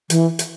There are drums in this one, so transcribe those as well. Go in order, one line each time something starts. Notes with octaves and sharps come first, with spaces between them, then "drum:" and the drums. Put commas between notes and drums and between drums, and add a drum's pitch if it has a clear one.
E3, drum: hi-hat
drum: hi-hat